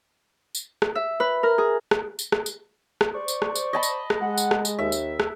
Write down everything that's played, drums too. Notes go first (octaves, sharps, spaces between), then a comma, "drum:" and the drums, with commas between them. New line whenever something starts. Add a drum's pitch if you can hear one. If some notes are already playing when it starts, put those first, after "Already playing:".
drum: tambourine
drum: rim click
E5
B4
A#4
G#4
drum: rim click
drum: tambourine
drum: rim click
drum: tambourine
drum: rim click
C5 D5 C#6
drum: tambourine
drum: rim click
drum: tambourine
D#5 A5 B5
drum: tambourine
drum: rim click
G#3 F#5
drum: tambourine
drum: rim click
drum: tambourine
D#2 E5
drum: tambourine
drum: rim click